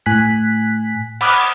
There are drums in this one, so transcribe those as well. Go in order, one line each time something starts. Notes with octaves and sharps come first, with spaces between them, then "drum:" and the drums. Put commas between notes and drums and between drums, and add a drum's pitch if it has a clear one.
A2 G#5 F#6 B6
F#5 B5 D6 D#6 F6 F#6, drum: cymbal